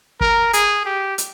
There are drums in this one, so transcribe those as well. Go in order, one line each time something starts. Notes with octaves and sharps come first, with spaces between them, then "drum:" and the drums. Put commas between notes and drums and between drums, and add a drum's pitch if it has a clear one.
A#4, drum: kick
G#4, drum: hi-hat
G4
drum: hi-hat